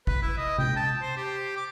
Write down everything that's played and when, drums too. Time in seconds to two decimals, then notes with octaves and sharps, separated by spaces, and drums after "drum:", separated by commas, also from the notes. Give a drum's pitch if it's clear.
0.07 B4, drum: kick
0.22 E4
0.37 D#5
0.58 G5, drum: tom C3
0.76 A5
1.02 C5
1.17 G4
1.56 D6